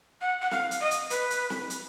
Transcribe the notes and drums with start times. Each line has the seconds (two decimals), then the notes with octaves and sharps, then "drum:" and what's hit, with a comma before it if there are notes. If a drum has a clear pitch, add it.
0.21 F#5
0.42 F#5
0.51 F5, drum: snare
0.71 drum: hi-hat
0.81 D#5
0.91 drum: hi-hat
1.10 B4, drum: hi-hat
1.30 drum: hi-hat
1.50 drum: snare
1.70 drum: hi-hat